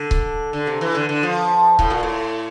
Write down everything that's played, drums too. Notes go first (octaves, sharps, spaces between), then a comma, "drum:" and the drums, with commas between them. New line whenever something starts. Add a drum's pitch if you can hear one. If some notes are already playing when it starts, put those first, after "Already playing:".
Already playing: D3
drum: kick C#1
D3
C3
E3
D3
D3
F3
A2, drum: kick C#1
A#2
A2